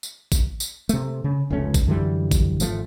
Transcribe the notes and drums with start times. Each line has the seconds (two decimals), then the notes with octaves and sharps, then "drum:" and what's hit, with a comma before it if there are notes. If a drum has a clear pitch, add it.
0.03 drum: tambourine
0.32 drum: kick A1, tambourine
0.60 drum: tambourine
0.89 C3 A3, drum: tambourine
1.24 C#3
1.50 F1 C#2 A3 C#4
1.74 drum: kick A1, tambourine
1.87 F#2 D3 E3 G3
2.31 drum: kick A1, tambourine
2.60 G#1 F3 A3, drum: tambourine